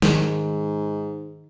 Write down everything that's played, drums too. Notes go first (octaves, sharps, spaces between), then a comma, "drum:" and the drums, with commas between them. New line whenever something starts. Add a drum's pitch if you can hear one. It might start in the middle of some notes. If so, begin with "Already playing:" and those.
G#2 D#3, drum: snare